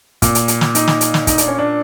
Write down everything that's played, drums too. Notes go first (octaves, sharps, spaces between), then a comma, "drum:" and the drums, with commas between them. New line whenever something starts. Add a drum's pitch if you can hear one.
A#2, drum: kick, hi-hat
drum: hi-hat
drum: hi-hat
drum: snare
D#4, drum: hi-hat
drum: snare
drum: hi-hat
drum: snare
D#4, drum: kick, hi-hat
D4, drum: hi-hat
C#4
D4